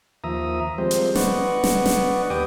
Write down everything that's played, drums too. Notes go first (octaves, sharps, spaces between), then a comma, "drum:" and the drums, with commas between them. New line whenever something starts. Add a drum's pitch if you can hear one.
D#2 F3 E5 A#5 D#6
F3 G3 G#3 C4 C5
drum: hi-hat
B4 D5 D#5 F#5 C#6, drum: snare
drum: snare
drum: snare
D#2 G4 B4 G5 D6 D#6